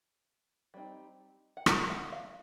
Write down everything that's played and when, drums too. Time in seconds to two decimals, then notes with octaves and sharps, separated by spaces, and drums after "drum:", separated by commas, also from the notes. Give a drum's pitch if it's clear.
0.74 G3 C4 D#4
1.57 F#5
1.66 F#3 A3 C#4, drum: rim click
1.90 F#5
2.12 F5